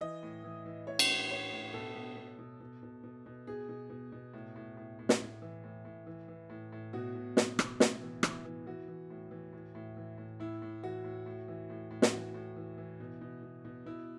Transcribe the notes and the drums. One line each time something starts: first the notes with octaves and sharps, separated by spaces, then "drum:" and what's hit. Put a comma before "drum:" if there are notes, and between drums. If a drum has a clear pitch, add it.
E3 D#5
A2
E3
E3
A2 C#5
drum: cymbal
A2
A2 C#5
A2
B2 A4
B2
B2
B2
B2
B2
B2
B2
B2 G#4
B2
B2
B2
A2
A2
A2
A2
drum: snare
A2
E3
A2
A2
E3
E3
A2
A2
B2 F#4
B2
B2, drum: snare
B2, drum: rim click
A2, drum: snare
E3
E3, drum: rim click
E3
E3 F#4
E3
A2
E3
A2
A2
E3
A2
A2 E4
A2
E3 F#4
A2
A2
E3
A2
A2
drum: snare
E3 F#4
A2
E3
E3
B2
B2
B2
B2
B2 E4